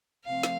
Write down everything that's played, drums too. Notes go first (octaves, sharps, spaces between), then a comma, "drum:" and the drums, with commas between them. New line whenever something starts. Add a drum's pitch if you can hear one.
C3 F3 A3 C4 F5
drum: snare